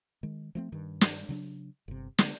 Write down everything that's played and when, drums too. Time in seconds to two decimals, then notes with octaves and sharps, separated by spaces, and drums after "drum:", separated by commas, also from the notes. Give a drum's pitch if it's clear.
0.23 D#3 G#3
0.55 F3 A3 C4
0.72 G2 D#3
1.01 drum: snare
1.29 C#3 F#3 D4
1.88 G1 C3
2.18 D3 G#3 A3 B3, drum: snare